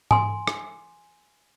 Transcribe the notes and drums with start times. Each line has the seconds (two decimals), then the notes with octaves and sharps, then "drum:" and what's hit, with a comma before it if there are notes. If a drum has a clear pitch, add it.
0.11 G#5 C6, drum: tom G#2
0.47 drum: rim click